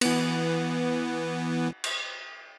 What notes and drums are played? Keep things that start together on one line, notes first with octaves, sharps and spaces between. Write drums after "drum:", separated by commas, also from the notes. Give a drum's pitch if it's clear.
E3 B3, drum: cymbal
drum: cymbal